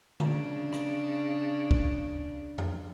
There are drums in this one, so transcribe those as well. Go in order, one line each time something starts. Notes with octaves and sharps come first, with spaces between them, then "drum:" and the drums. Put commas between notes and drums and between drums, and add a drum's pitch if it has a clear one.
C#3 D4, drum: tom D3
drum: rim click
drum: kick
drum: tom F2